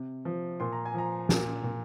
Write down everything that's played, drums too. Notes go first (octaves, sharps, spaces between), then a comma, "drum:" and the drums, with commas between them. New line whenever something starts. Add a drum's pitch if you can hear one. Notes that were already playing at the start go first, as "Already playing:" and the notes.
Already playing: C3
F3
A#2 C6
A#5
G#5
F3 A#5
A#2, drum: snare
A#2